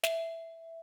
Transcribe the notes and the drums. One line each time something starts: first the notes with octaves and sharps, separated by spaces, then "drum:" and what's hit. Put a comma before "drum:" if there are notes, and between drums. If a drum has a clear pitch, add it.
E5, drum: snare